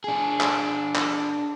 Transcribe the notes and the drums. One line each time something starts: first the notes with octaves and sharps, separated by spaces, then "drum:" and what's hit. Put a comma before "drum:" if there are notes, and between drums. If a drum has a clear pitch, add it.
D4 G#4
drum: clap
drum: clap